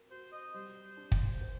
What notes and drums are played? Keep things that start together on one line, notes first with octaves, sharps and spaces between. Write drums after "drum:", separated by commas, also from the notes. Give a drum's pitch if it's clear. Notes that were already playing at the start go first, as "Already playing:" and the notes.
Already playing: A#4
F#4 C5
D#5
G3 C5
D4
drum: kick
C5